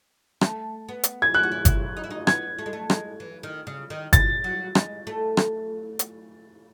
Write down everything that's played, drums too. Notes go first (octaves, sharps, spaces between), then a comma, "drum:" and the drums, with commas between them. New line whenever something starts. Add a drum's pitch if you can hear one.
A3, drum: rim click
B3
drum: hi-hat
G#6
E4 F#6
F#4
E4
E4, drum: kick G1, hi-hat
D#4
E4
D#4
B3 G#6, drum: rim click
A3
G#3
A3
G#3, drum: rim click
E3
D#3
C#3
D#3
A6, drum: kick G1, hi-hat
F#3
G#3, drum: rim click
A3
drum: rim click
drum: hi-hat